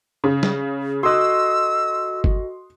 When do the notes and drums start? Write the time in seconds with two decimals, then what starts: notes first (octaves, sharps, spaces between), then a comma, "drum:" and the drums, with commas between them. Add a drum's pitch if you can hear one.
0.24 C#3
0.43 drum: snare
1.03 F#4 A4 D#5 C6 D#6 E6 F#6
2.24 drum: kick G1